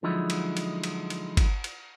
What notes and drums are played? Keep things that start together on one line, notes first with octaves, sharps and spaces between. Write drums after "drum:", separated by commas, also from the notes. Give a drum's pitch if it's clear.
D3 F3 F#3 G#3 D#4 E4
drum: cymbal
drum: cymbal
drum: cymbal
drum: cymbal
drum: kick G1, cymbal
drum: cymbal